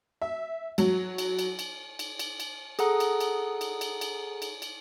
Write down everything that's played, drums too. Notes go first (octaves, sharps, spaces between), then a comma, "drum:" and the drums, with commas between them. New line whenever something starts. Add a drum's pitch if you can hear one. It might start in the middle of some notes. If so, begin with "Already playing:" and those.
E5
F#3, drum: cymbal
drum: cymbal
drum: cymbal
drum: cymbal
drum: cymbal
drum: cymbal
drum: cymbal
G#4 A4 F#5 A#5 D#6, drum: cymbal
drum: cymbal
drum: cymbal
drum: cymbal
drum: cymbal
drum: cymbal
drum: cymbal
drum: cymbal